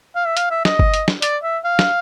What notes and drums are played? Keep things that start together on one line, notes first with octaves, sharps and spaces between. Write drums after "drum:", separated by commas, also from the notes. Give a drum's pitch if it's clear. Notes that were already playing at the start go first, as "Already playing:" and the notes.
F5
E5
F5, drum: hi-hat
E5
D#5, drum: snare
drum: kick
drum: hi-hat
drum: snare
D5, drum: hi-hat
E5
F5
drum: snare